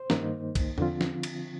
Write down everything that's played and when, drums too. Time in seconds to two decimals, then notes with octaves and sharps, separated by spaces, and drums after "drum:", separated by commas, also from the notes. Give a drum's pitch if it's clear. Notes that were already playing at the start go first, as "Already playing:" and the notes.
Already playing: C5
0.10 G2 D#3 A#3 D#4, drum: snare
0.55 drum: kick, cymbal
0.78 D3 F3 C4 F4, drum: tom E2
1.01 drum: snare
1.23 drum: cymbal